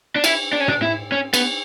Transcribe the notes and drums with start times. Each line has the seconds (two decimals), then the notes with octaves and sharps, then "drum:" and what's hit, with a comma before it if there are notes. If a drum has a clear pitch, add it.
0.16 D4
0.24 E4, drum: cymbal
0.53 D4
0.60 C#4
0.68 D4, drum: tom
0.82 E4
1.12 C#4
1.34 B3, drum: cymbal